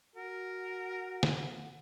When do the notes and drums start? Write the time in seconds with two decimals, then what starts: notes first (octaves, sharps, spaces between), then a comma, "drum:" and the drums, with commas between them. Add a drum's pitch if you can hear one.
0.16 F#4 A#4 F#5
1.23 drum: snare